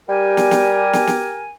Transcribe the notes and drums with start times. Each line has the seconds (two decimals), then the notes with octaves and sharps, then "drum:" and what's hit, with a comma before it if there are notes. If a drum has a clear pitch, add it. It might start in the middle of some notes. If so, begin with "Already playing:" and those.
0.09 G3 G4 A#4 G#5
0.37 drum: snare
0.51 drum: snare
0.93 drum: snare
1.07 drum: snare